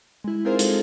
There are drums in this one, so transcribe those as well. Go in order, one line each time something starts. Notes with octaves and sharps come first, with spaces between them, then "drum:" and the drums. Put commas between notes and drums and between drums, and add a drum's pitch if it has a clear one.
G#3 E4
C4 D#4 F4 G#4 A#4 C5
G#3 F4 A4, drum: hi-hat